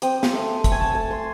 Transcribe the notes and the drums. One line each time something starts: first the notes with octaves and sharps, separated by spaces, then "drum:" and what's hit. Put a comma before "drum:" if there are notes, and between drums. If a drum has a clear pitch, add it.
C4 D#6, drum: hi-hat
drum: snare
A3 D#6
A3 C#6, drum: kick, hi-hat
G#5
A5
A3 G#5
C6